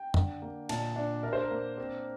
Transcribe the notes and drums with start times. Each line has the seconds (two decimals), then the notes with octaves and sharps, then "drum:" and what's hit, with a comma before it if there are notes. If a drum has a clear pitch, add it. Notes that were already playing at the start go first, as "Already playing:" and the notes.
Already playing: G5
0.14 D3, drum: tom F2
0.42 A#3
0.69 A#2 A5, drum: cymbal
0.96 D4
1.23 D4 A#4
1.33 C5
1.42 A#4
1.51 A#3
1.77 C4